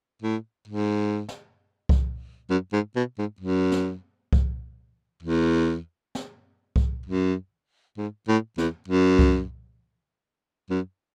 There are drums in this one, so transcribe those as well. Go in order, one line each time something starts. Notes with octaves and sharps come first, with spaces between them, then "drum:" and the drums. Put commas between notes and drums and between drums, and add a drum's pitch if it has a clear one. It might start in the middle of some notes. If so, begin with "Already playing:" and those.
A2
G#2
drum: snare
drum: kick C2
F#2
G#2
B2
G#2
F#2
drum: snare
drum: kick C2
E2
drum: snare
drum: kick C2
F#2
G#2
A2
E2, drum: snare
F#2
drum: kick C2
F#2